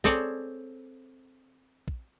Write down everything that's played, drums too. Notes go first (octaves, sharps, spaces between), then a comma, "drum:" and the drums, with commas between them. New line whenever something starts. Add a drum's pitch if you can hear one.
C4 G#4 A4 C#5 D5, drum: kick
drum: kick